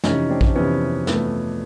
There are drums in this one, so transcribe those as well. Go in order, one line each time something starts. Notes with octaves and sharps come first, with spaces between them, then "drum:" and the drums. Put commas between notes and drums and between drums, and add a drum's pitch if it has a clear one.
F2 C3 E3 C#4 D#4, drum: snare
C4 D4
drum: kick
F2 C3 E3 B3 C#4
F2 C3 E3 A3 B3, drum: snare